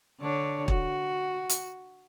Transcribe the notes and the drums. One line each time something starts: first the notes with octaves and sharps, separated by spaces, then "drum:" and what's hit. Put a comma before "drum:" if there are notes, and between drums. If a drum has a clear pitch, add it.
D3 D4 C#5
F#4, drum: kick
drum: hi-hat